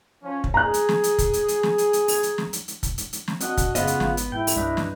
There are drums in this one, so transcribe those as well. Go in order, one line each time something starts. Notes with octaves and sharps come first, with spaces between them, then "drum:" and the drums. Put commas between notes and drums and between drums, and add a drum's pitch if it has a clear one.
F3 C#4
drum: kick
G#4 A#5 F#6
drum: hi-hat
drum: snare
drum: hi-hat
drum: kick, hi-hat
drum: hi-hat
drum: hi-hat
drum: snare
drum: hi-hat
drum: hi-hat
drum: open hi-hat
drum: hi-hat
drum: snare
drum: hi-hat
drum: hi-hat
drum: kick, hi-hat
drum: hi-hat
drum: hi-hat
drum: snare
C4 D4 F#4 D#5, drum: hi-hat
drum: kick, hi-hat
F#2 C#3 B3 F4 D#5 F#5, drum: hi-hat
drum: hi-hat
G#1, drum: snare
drum: hi-hat
G#2 E4 G5
drum: open hi-hat
C2 G2 D4 D#4 B4
drum: snare